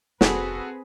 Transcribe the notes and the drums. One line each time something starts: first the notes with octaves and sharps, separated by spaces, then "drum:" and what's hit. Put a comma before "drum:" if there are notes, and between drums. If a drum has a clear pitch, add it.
F1 C4 F#4 G#4 A4 B4, drum: snare